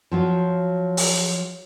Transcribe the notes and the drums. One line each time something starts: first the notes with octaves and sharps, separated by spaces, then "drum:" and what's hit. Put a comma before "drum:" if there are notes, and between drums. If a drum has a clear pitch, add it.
F3 F#3 F4
drum: open hi-hat